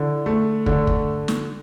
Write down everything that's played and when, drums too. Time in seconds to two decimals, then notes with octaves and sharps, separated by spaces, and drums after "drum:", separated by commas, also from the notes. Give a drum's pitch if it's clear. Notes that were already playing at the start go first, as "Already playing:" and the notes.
Already playing: D3 E4
0.26 A3
0.66 D3, drum: kick
0.87 drum: kick
1.28 drum: snare